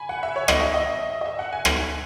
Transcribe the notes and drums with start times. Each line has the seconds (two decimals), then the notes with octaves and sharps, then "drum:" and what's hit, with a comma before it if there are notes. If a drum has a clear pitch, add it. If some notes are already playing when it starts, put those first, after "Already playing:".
Already playing: G#5 B5
0.09 F#5
0.23 E5
0.36 C#5
0.48 D#5, drum: rim click
0.61 E5
0.74 D#5
1.21 D#5
1.26 E5
1.39 F#5
1.53 G#5
1.65 drum: rim click